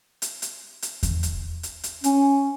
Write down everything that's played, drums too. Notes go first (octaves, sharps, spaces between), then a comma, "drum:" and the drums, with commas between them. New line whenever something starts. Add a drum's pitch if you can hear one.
drum: hi-hat
drum: hi-hat
drum: hi-hat
drum: kick E2, hi-hat
drum: hi-hat
drum: hi-hat
drum: hi-hat
C#4, drum: hi-hat